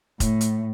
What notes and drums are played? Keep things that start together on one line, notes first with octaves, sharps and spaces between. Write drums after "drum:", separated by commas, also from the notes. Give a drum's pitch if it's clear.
A2, drum: kick F1, hi-hat
drum: hi-hat